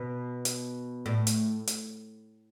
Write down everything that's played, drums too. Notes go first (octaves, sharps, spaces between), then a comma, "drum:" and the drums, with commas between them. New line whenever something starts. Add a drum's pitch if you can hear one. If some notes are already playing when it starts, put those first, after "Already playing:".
Already playing: B2
drum: hi-hat
A2
drum: hi-hat
drum: hi-hat